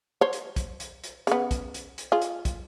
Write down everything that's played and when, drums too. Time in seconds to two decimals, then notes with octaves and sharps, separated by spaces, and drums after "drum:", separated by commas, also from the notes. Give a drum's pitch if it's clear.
0.21 C5 C#5
0.33 drum: hi-hat
0.56 drum: kick, hi-hat
0.80 drum: hi-hat
1.04 drum: hi-hat
1.27 C#3 B3, drum: hi-hat
1.51 drum: kick, hi-hat
1.74 drum: hi-hat
1.98 drum: hi-hat
2.12 F4 G#4
2.22 drum: hi-hat
2.45 drum: kick, hi-hat